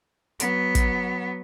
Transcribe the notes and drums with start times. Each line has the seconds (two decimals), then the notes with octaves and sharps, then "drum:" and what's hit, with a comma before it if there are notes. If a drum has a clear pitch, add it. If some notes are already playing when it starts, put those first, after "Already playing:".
0.40 F#3 B3, drum: hi-hat
0.75 drum: kick, hi-hat